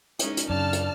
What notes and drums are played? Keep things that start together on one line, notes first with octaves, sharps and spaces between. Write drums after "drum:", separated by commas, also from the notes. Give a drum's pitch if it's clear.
G#3 C#4 D#4, drum: hi-hat
drum: hi-hat
F#2 C#3 D4 A5 F6
drum: hi-hat